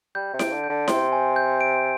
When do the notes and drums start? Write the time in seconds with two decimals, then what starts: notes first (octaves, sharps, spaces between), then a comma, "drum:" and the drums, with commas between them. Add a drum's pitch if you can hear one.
0.15 G3 G6
0.34 C3
0.39 D7, drum: snare E4
0.52 D3
0.64 G6
0.70 D3
0.88 C3 C6, drum: snare E4
1.12 G#5
1.36 G6
1.61 D7